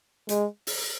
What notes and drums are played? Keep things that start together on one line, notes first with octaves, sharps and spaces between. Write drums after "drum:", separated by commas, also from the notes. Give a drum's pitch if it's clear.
G#3, drum: hi-hat
drum: open hi-hat